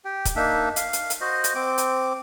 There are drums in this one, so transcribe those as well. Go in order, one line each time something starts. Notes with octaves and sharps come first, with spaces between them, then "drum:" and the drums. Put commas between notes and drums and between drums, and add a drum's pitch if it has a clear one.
G4 G5
drum: kick, hi-hat
A#3 D4 D#4 E5
F5, drum: hi-hat
drum: hi-hat
drum: hi-hat
F#4 C5 D#5
drum: hi-hat
C4 D6
drum: hi-hat